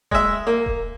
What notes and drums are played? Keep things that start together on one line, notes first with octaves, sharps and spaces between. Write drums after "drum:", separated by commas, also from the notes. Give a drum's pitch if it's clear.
G#3 E5, drum: kick D#1
A#3
drum: kick D#1